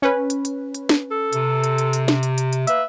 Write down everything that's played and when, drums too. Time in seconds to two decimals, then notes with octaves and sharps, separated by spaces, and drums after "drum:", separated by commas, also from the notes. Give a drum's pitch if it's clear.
0.02 C#4 B4
0.30 drum: hi-hat
0.45 drum: hi-hat
0.75 drum: hi-hat
0.89 drum: snare
1.11 A4
1.33 C3, drum: hi-hat
1.64 drum: hi-hat
1.78 drum: hi-hat
1.93 drum: hi-hat
2.08 drum: snare
2.23 drum: hi-hat
2.38 drum: hi-hat
2.53 drum: hi-hat
2.67 A#3 B4 E5, drum: hi-hat